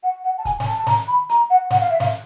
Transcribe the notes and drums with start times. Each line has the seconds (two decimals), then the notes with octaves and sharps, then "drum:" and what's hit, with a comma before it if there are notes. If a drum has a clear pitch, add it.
0.03 F#5
0.24 F#5
0.38 A5
0.45 G#5, drum: kick, hi-hat
0.60 G#5, drum: snare
0.66 A5
0.78 A5
0.87 A#5, drum: snare
1.07 B5
1.29 A#5, drum: hi-hat
1.50 F#5
1.70 F#5, drum: snare
1.80 F5
1.90 E5
2.00 F5, drum: snare